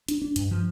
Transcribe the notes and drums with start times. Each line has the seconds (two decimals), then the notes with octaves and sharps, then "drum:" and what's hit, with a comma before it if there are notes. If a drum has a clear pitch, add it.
0.08 D4, drum: hi-hat
0.22 D4
0.36 G2, drum: hi-hat
0.51 F3